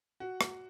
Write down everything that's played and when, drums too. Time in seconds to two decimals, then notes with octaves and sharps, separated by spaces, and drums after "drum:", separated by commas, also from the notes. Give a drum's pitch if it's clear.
0.20 F#4
0.41 drum: rim click